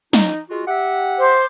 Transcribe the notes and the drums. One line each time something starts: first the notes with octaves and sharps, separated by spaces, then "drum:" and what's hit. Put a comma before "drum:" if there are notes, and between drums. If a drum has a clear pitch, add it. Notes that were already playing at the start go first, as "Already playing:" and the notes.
D#4, drum: snare
G#3 F4 F#4
G4 E5 F#5
C5 D6